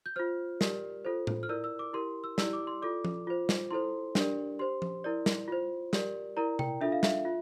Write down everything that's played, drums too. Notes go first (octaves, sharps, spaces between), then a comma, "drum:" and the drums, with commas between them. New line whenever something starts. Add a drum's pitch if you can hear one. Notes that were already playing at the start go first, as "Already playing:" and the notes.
G6
F4 C5 F6
G4 A#4 D5, drum: snare
F4 A4 C5
drum: tom A2
F6
E4 A#4 D5 E6
E6
D6
E4 G4 A#4 C6
E6
E4 G4 D5 E6, drum: snare
D6
C6
F4 A4 D5 D6
drum: tom F3
F4 C5
drum: snare
E4 A4 C5 C6
D4 G4 A#4 D5, drum: snare
G4 C5 C6
drum: tom F3
E4 A#4 D5
drum: snare
F4 C5
G4 A#4 D5, drum: snare
E4 A#4 D5 A#5
G5, drum: tom C3
D4 F4 A4 E5
F5
E5, drum: snare
F4